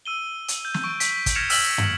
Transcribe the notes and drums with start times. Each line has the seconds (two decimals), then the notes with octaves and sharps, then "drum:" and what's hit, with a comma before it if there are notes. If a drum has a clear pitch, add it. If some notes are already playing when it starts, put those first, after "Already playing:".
0.06 E6 D#7 G7
0.48 drum: hi-hat
0.65 G6
0.74 drum: snare
0.84 C#6 D7
1.00 B6, drum: hi-hat
1.26 drum: kick, hi-hat
1.35 F6 G#6 A#6 C#7 E7 F7
1.50 E6 F6 B6 F#7, drum: open hi-hat
1.78 drum: tom